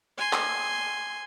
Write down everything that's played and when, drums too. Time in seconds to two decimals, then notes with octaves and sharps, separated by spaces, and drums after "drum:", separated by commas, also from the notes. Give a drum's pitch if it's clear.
0.18 G#5 C6
0.33 drum: clap